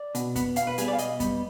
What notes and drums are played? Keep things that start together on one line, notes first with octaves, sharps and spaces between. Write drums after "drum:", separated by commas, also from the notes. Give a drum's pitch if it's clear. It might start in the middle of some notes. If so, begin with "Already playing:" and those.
Already playing: D5
B2, drum: hi-hat
B3, drum: kick F2, hi-hat
B2 F5, drum: hi-hat
B4
G3 B3 G#4, drum: hi-hat
D5
F5
B2 D#5, drum: hi-hat
G3 B3, drum: kick F2, hi-hat